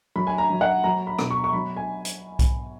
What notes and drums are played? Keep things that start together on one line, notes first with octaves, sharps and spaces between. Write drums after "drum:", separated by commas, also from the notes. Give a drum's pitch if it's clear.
F#3 B5
G#5
A#5
F#3
F#5
F#3 A#5
B5
B2, drum: rim click
C#6
C#6
F#3 B5
G#5
drum: hi-hat
drum: kick B1, hi-hat